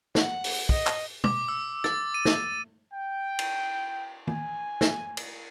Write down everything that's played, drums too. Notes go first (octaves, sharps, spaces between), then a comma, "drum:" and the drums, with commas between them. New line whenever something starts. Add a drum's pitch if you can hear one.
F#5, drum: snare
drum: open hi-hat
D#5, drum: kick
drum: clap
D6, drum: tom
E6
A6, drum: rim click
D#7
drum: snare
G5
drum: cymbal
G#5, drum: tom
drum: snare
drum: cymbal